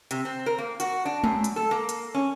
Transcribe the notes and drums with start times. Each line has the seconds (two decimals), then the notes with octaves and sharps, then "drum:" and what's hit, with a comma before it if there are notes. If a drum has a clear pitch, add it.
0.11 C3, drum: hi-hat
0.25 C4
0.46 A#4
0.58 A#3
0.80 F#4, drum: hi-hat
1.05 D4
1.24 F#2, drum: tom G#3
1.44 drum: hi-hat
1.56 A4
1.71 A#3
1.89 drum: hi-hat
2.14 C#4